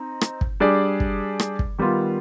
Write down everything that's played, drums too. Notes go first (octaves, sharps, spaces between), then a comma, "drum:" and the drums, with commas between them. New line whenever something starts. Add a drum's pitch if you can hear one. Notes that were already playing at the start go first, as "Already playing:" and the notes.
Already playing: C4 D#4
drum: rim click
drum: kick
G3 D4 G#4 D5
drum: kick
drum: rim click
drum: kick
D#3 G3 B3 F4